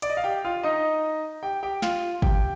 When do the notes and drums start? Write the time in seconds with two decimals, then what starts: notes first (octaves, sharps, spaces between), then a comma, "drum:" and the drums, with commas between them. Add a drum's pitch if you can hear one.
0.02 D5, drum: hi-hat
0.10 D#5
0.17 F5
0.24 G4 G5
0.44 F4 F5
0.63 D#4 D#5
1.43 G4 G5
1.63 G4 G5
1.82 F4 F5, drum: snare
2.22 G4 G5, drum: kick